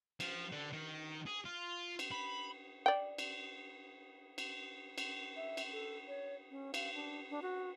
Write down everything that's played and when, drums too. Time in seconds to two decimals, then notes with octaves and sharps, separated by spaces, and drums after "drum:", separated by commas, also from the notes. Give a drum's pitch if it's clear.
0.20 F3, drum: cymbal
0.52 D3
0.72 D#3
1.27 G#4
1.45 F4
1.99 drum: cymbal
2.12 B5
2.86 D5 G5
3.18 drum: cymbal
4.38 drum: cymbal
4.98 drum: cymbal
5.36 E5
5.57 drum: cymbal
5.72 A4
6.08 C#5
6.50 C#4
6.74 F5, drum: cymbal
6.94 D4
7.30 D4
7.42 F#4